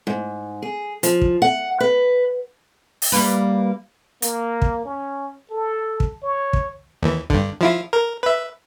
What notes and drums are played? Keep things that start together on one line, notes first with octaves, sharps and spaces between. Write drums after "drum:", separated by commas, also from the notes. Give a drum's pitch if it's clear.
G#2
G#4
F3, drum: hi-hat
drum: kick
F#5
B4
drum: open hi-hat
G3 A#3 B4
A#3, drum: hi-hat
drum: kick
C#4
A4
drum: kick
C#5
drum: kick
D#2 E3
G2 D3, drum: kick
F3 E4 F4
A#4
B4 E5